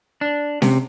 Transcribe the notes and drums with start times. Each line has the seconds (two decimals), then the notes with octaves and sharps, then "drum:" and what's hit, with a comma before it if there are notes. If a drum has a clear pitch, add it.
0.21 D4
0.62 C3, drum: snare C#4